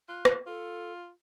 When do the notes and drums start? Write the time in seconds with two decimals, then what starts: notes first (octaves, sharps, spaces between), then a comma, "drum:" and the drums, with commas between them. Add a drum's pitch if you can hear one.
0.09 F4 F#6
0.25 drum: rim click
0.47 F4 A4